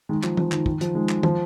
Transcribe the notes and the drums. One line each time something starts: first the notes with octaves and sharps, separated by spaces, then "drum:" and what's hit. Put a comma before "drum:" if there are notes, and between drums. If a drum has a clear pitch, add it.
D#3 G#3
F3, drum: clap
F3, drum: tom E3
D#3, drum: clap
D#3, drum: kick
F3, drum: hi-hat
D#3 G#3
drum: clap
F3, drum: tom